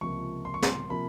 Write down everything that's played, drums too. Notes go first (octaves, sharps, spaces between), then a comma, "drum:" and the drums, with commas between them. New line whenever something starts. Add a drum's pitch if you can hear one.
C#2 C3 F3 A#3 C#6
C6
C#6
C6, drum: snare
C3 F3 A#3 B5